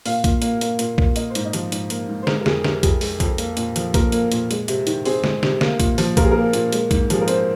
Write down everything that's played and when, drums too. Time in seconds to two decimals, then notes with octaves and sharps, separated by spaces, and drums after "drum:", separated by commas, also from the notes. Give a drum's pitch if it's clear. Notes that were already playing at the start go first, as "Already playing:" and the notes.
0.06 A#2 F5, drum: open hi-hat
0.24 A#2, drum: kick A#1, hi-hat
0.42 A#3, drum: hi-hat
0.61 A#3, drum: hi-hat
0.79 A#2, drum: hi-hat
0.98 A#2, drum: kick A#1
1.16 A#3 D#5, drum: hi-hat
1.30 C5
1.35 G#2, drum: hi-hat
1.45 D#5
1.53 F3, drum: hi-hat
1.72 G#2, drum: hi-hat
1.90 A#3, drum: hi-hat
2.09 G#2
2.23 C5
2.27 G#3 A#4, drum: snare
2.41 A#4
2.46 F2 G#4, drum: snare
2.64 C3 A#4, drum: snare
2.83 F2 G#4, drum: kick A#1, hi-hat
3.01 G#3, drum: open hi-hat
3.20 F2, drum: kick A#1, hi-hat
3.38 A#3, drum: hi-hat
3.57 A#2, drum: hi-hat
3.76 F3, drum: hi-hat
3.94 A#2 A#4, drum: kick A#1, hi-hat
4.12 A#3, drum: hi-hat
4.32 A#2, drum: hi-hat
4.51 G#3, drum: hi-hat
4.68 C3, drum: hi-hat
4.87 D#3, drum: hi-hat
5.05 C4 G#4, drum: open hi-hat
5.24 G#3, drum: snare
5.43 C3, drum: snare
5.61 A#3, drum: snare
5.80 A#2, drum: kick A#1, hi-hat
5.98 F3, drum: open hi-hat
6.17 A#2 A#4, drum: kick A#1, hi-hat
6.24 G#4
6.31 A#3 A#4
6.53 A#2, drum: hi-hat
6.73 G#3, drum: hi-hat
6.91 G#2, drum: kick A#1, hi-hat
7.10 F3 G#4, drum: hi-hat
7.21 A#4
7.28 C4 C5, drum: hi-hat